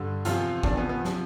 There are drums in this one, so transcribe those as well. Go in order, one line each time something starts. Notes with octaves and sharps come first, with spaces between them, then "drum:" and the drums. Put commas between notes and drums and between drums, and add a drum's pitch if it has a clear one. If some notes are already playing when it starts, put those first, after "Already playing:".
Already playing: G2 D3
E2 C3 F3 F4, drum: hi-hat
E2 C3 F3 D4, drum: kick G1
B3
B3
C3 F3, drum: snare